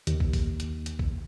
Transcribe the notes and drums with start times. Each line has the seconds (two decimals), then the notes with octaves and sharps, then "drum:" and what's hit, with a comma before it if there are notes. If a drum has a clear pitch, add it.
0.07 D#2, drum: hi-hat
0.20 drum: kick
0.33 drum: kick, open hi-hat
0.60 drum: hi-hat
0.86 drum: hi-hat
0.99 drum: kick